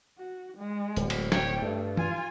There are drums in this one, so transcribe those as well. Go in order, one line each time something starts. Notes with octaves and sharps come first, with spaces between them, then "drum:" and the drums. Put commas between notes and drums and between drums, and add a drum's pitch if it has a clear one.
F#4
G#3
D1, drum: hi-hat
drum: cymbal
C#5 G5, drum: snare
G2 A3
F4 G#5, drum: tom